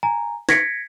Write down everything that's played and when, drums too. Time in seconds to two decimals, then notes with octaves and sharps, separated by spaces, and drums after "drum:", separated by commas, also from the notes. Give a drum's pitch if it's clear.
0.03 G#5 A#5
0.49 G#6 A#6 B6 C#7 D7, drum: snare